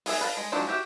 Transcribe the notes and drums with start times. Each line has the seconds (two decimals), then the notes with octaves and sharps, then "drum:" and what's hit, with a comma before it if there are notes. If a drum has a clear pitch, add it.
0.06 B3 G#4 E5, drum: open hi-hat
0.21 B4 F5 A5
0.37 G#3
0.52 F3 F#3 G#3 C4 D4
0.67 F#4 G4 E5